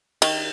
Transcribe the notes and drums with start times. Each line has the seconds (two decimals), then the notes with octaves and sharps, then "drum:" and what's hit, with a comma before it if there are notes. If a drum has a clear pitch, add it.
0.22 D#3, drum: cymbal